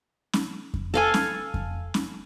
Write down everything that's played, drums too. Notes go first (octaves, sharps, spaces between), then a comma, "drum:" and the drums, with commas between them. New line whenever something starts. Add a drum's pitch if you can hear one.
drum: snare C#4
drum: kick F2
A4 F5 G#5
drum: snare C#4
drum: kick F2
drum: snare C#4